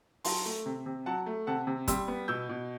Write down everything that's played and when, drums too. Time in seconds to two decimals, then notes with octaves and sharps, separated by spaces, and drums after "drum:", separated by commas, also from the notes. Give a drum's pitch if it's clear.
0.24 F#3 A5 C6, drum: open hi-hat
0.45 A3
0.66 C3
0.86 C3
1.06 F#3 F#5 A5
1.26 A3
1.47 C3 F#5 A5
1.67 C3
1.88 G3 C6 E6, drum: kick, hi-hat
2.08 B3
2.28 B2 E6 G6
2.49 B2